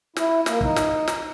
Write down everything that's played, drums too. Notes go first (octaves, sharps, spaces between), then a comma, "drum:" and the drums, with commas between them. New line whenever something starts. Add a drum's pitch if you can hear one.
E4, drum: snare
A#3, drum: snare
D#4, drum: kick
drum: snare
drum: snare